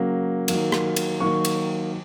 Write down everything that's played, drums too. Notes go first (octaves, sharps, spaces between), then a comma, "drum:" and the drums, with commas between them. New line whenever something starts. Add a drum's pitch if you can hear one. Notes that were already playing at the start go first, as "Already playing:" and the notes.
Already playing: C#3 F#3 A#3
D#3 F#3 A#3, drum: cymbal
drum: rim click
drum: cymbal
D#3 F#3 A#3 C#6
drum: cymbal